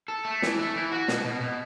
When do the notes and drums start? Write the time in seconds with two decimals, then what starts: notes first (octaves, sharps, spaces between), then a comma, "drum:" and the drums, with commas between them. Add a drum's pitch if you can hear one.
0.08 A4
0.25 A3
0.42 E3, drum: snare
0.59 A3
0.76 E3
0.92 F#4
1.08 B2, drum: snare
1.25 B2
1.41 B2